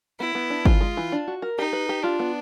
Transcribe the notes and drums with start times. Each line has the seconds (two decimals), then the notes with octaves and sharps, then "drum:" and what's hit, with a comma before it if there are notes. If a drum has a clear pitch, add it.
0.20 B3 E4
0.35 B3
0.50 D4
0.65 E3 F4, drum: kick
0.81 G#3
0.97 E3
1.12 D4
1.28 F#4
1.42 A#4
1.59 D#4 G4
1.73 B4
1.89 G4
2.04 D4 F4
2.19 B3